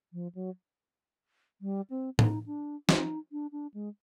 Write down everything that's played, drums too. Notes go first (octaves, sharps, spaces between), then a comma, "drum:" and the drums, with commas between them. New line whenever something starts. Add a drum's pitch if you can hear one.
F3
F#3
G3
C4
D#4, drum: tom A2
D4
D#4, drum: snare
D4
D4
G#3